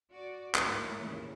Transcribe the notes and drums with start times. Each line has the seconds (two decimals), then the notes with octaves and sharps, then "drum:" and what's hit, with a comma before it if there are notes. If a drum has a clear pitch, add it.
0.11 F#4 D5
0.55 D2 G#2 G#3 A#3 E4 C#5, drum: clap
1.00 D#2 A#2 C#3 E3 E4